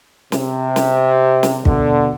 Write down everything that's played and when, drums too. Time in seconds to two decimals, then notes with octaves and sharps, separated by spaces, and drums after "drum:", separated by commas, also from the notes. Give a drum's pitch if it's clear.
0.32 C3, drum: snare
0.76 drum: snare
1.43 drum: snare
1.65 B2 D3, drum: kick